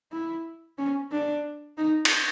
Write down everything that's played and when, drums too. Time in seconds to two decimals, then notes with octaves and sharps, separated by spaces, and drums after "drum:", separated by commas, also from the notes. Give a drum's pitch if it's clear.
0.12 E4
0.78 C#4
1.11 D4
1.78 D#4
2.05 drum: cymbal